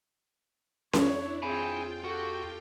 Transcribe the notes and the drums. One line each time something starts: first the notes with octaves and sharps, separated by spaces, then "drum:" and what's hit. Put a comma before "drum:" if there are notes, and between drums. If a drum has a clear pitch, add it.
F2 D4 E4 C#5, drum: snare C#4
C4 F4 G#4 G5 G#5 B5
F#4 G4 A4